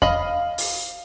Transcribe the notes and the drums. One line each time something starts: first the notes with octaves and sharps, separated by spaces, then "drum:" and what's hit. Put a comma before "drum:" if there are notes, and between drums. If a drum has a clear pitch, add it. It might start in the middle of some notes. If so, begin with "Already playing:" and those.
D#5 F5 B5, drum: kick E2
drum: open hi-hat